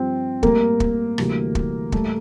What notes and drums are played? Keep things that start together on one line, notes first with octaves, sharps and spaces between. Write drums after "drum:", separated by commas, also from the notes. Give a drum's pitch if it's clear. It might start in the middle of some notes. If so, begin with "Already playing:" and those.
Already playing: G2 F3 C4
A2 G3 A#3 A#4, drum: kick
drum: kick
D2 C3 E3 G3, drum: rim click
drum: kick
A2 G3 A3 A4, drum: kick